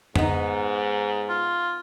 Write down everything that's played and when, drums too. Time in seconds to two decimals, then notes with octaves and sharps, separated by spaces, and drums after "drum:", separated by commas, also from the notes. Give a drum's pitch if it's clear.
0.16 G#2 B3 D#4, drum: tom F2
1.29 F4